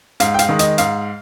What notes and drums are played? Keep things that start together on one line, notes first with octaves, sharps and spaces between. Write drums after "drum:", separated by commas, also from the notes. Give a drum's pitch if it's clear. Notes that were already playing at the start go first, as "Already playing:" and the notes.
G#2 F5, drum: hi-hat
G5
F5, drum: hi-hat
D#3 G#3
D#5, drum: hi-hat
G#2 F5, drum: hi-hat